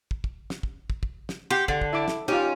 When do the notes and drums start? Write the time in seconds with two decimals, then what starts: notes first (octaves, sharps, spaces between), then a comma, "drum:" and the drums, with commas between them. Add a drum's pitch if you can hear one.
0.11 drum: kick
0.24 drum: kick
0.50 drum: snare
0.63 drum: kick
0.90 drum: kick
1.03 drum: kick
1.29 drum: snare
1.50 G4 F#5 C6
1.68 D3, drum: kick
1.81 drum: kick
1.93 E4 E5 D6
2.08 drum: snare
2.28 C#4 D#4 F4 G4